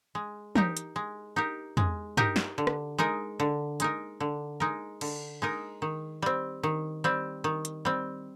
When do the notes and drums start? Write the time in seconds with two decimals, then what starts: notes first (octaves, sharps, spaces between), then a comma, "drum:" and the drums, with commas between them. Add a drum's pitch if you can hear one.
0.15 G#3
0.55 D#4 G4 A#4, drum: tom
0.77 drum: hi-hat
0.96 G#3
1.36 D#4 G4 A#4
1.77 G#3, drum: tom
2.17 D#4 G4 A#4, drum: tom G2
2.36 drum: snare
2.58 D3
2.67 drum: rim click
2.98 G#3 D#4 A#4
3.40 D3
3.80 G#3 D#4 A#4, drum: hi-hat
4.20 D3
4.60 G#3 D#4 A#4
5.01 D3, drum: cymbal
5.42 G#3 D#4 A#4
5.82 D#3
6.22 G3 C4
6.63 D#3
7.04 G3 C4
7.44 D#3
7.65 drum: hi-hat
7.85 G3 C4